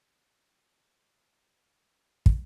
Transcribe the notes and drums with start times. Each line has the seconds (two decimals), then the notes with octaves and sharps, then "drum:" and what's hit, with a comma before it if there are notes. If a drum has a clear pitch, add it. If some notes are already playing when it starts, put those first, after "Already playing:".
0.07 A2 E6
0.17 D6
0.27 E3 C#6
0.37 B5
0.48 A2 D6
0.58 E6
0.68 E3 D6
0.79 E6
0.89 A2 D6
1.09 E3
1.30 A2
1.50 E3
1.71 A2
1.92 E3
2.12 A2
2.26 drum: kick